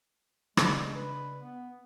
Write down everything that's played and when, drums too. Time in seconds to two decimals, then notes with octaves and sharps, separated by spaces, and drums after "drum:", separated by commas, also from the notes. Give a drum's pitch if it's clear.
0.57 C#3 G#3 D4, drum: rim click
0.96 B4
1.41 B3